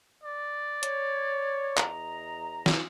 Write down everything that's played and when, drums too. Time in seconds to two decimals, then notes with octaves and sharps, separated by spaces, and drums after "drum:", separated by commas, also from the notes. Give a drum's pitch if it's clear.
0.24 D5
0.83 C#5, drum: hi-hat
1.77 E2 D#5 A#5, drum: clap
2.66 drum: snare